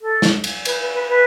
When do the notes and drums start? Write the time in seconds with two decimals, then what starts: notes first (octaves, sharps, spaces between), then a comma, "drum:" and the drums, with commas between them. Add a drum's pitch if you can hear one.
0.01 A4
0.22 drum: snare
0.44 drum: cymbal
0.65 B4, drum: cymbal
0.80 B4
0.94 B4
1.08 B4